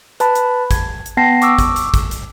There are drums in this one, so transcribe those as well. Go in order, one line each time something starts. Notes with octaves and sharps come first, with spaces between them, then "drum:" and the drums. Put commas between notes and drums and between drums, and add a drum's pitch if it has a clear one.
B4 A5 B5, drum: hi-hat
drum: hi-hat
G#6, drum: kick, hi-hat
drum: hi-hat
B3 G5 A5 A#6 C7
C#6 D6 E6, drum: hi-hat
drum: kick, hi-hat
drum: hi-hat
drum: kick, hi-hat
drum: hi-hat